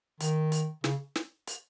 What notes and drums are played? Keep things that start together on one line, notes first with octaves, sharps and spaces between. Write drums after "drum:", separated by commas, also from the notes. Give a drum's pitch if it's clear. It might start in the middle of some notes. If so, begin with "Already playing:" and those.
D#3, drum: hi-hat
drum: hi-hat
C#3, drum: snare
drum: snare
drum: hi-hat